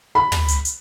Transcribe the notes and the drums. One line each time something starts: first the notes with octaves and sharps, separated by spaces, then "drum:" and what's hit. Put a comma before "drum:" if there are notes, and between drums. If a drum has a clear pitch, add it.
B5
drum: tom
drum: hi-hat
drum: hi-hat